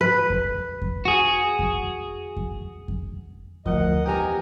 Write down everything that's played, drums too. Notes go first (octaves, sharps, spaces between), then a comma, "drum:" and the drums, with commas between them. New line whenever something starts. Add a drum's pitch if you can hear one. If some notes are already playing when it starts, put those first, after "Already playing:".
B4
drum: kick F2
drum: kick F2
F#4 G#4
drum: kick F2
drum: kick F2
drum: kick F2
D2 F3 A#4 D#5 F#5, drum: kick F2
E2 D#3 G4 G5 G#5 A#5